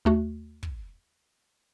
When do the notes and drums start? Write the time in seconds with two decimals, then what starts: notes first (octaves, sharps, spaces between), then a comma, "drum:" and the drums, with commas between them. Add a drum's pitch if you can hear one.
0.05 D#2 A3 F#4
0.63 drum: kick